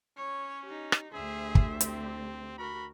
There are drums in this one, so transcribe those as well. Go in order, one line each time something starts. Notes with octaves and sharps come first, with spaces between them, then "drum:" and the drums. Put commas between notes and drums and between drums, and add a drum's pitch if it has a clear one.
C#4 C#5
D#4 G4
drum: rim click
D2 G4 G#4 C5 E5
drum: kick
C4, drum: hi-hat
F#4 A#4 B5